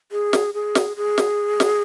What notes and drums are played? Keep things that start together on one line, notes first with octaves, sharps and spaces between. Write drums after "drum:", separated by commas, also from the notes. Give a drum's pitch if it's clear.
G#4
drum: snare
G#4
drum: snare
G#4
drum: snare
drum: snare